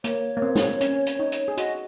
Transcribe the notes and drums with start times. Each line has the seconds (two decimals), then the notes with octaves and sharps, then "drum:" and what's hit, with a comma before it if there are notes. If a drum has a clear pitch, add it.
0.04 A#3 C#5, drum: hi-hat
0.37 A#3
0.42 C4
0.55 drum: snare
0.81 C#4, drum: hi-hat
1.06 drum: hi-hat
1.19 D#4
1.32 drum: hi-hat
1.48 G#4
1.57 F#4 D#5, drum: hi-hat